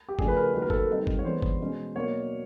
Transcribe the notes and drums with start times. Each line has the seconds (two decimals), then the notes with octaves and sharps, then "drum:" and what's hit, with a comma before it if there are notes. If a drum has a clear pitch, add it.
0.09 G4
0.19 C#3 F3 A3 D4 G#4, drum: kick G1
0.28 B4
0.37 A#4
0.54 D#3 F#3 A#3 B4
0.62 A#4
0.70 A4, drum: kick G1
0.78 A#4
0.89 D#3 G3 C4 D#4
1.07 drum: kick G1
1.19 C#5
1.25 E3 G#3 B3 D4 C5
1.42 drum: kick G1
1.60 B2 G#3 C#4
1.95 B2 F#3 A#3 D4 C#5